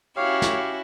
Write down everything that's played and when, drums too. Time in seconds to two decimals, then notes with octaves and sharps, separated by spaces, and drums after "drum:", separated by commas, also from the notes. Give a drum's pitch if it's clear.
0.17 C#4 E4 F#4 G4 C#5 F5
0.42 drum: snare